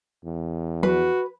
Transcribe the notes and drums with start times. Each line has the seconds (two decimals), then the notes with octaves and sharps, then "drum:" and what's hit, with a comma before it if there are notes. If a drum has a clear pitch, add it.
0.24 E2
0.83 F#4 B4, drum: tom F3